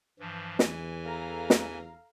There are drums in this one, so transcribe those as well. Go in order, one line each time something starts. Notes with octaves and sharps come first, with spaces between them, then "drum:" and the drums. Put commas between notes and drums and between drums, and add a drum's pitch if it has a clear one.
G2 E3 F3
E2 E3 G#5, drum: snare
A4 F5 A#5
drum: snare